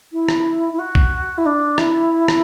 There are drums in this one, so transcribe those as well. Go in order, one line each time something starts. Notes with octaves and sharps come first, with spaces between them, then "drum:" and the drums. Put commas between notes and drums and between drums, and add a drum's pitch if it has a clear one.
E4
drum: rim click
E4
F#4
drum: kick B1
E4
D4
E4, drum: rim click
drum: rim click